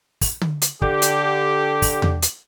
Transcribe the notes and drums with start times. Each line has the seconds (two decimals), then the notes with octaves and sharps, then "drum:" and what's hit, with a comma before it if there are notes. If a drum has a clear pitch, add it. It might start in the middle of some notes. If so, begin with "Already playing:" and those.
0.21 drum: kick, open hi-hat
0.41 drum: tom D3
0.62 drum: hi-hat
0.82 D3 G4, drum: kick
1.02 drum: hi-hat
1.82 drum: kick, open hi-hat
2.02 drum: tom E2
2.22 drum: hi-hat